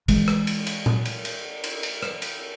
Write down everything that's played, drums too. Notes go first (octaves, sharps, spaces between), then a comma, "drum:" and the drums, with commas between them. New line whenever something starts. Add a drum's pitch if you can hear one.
E3 G#3, drum: kick, cymbal
drum: rim click
drum: cymbal
drum: cymbal
drum: tom
drum: cymbal
drum: cymbal
drum: cymbal
drum: cymbal
drum: rim click
drum: cymbal